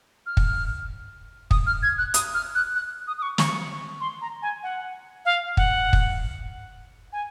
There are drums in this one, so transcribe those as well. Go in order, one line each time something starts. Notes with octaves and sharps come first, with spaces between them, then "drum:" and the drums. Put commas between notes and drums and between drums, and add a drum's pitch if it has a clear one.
F6
drum: kick
D#6, drum: kick
F6
G#6
F#6
D#6, drum: hi-hat
F6
F#6
F#6
D#6
D#6
C#6
C#6, drum: snare
C6
A#5
G#5
F#5
F5
F#5, drum: kick
drum: kick
G#5